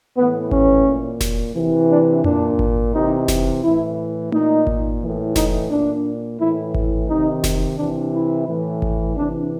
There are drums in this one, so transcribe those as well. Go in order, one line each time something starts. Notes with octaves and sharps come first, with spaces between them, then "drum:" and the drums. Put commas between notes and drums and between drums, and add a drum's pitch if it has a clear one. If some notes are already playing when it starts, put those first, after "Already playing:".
A2 E3 B3
C#4, drum: kick G#1
A#2
drum: snare F1
C3 E3
D4
A#2 D4, drum: tom F2
drum: kick G#1
C3 E3 D#4
drum: snare F1
A2 E3 E4
A#2 D#4, drum: tom A3
drum: kick G#1
A2 E3
D#4, drum: snare F1
A#2 D4
A2 E3 E4
drum: kick G#1
C3 D#3 D#4
drum: snare F1
C3 E3 D4
E4
A2 E3
drum: kick G#1
C3 E3 D4